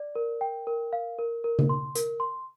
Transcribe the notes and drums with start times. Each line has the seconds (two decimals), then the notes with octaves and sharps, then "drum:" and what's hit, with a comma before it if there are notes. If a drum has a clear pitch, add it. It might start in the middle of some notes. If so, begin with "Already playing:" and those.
Already playing: D5
0.15 A#4
0.41 G5
0.67 A#4
0.93 F5
1.19 A#4
1.44 A#4
1.59 drum: tom C#3
1.69 C6
1.95 A#4, drum: hi-hat
2.20 C6